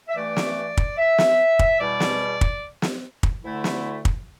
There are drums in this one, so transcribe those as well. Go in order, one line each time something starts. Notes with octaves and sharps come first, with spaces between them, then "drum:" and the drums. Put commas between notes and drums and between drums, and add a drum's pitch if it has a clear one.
E5
G2 E3 A3 D5
drum: snare
drum: kick
E5
drum: snare
drum: kick
E2 B2 G3 D5
drum: snare
drum: kick
drum: snare
drum: kick
D2 D3 A3 E4
drum: snare
drum: kick